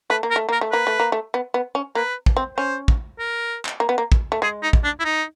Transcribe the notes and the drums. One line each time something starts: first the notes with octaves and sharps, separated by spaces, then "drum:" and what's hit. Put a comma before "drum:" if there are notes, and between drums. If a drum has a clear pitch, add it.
A3 B4
A#3
A#4
A3
A#3 A#4
A3
A#3 B4
A3
A#3
A3
B3
B3
C#4
A#3 B4
drum: kick
C4
C#4 C5
drum: kick
A#4
drum: clap
A#3
B3
A#3
drum: kick
A3
G#3 G#4
D#4
drum: kick
D4
E4
D#4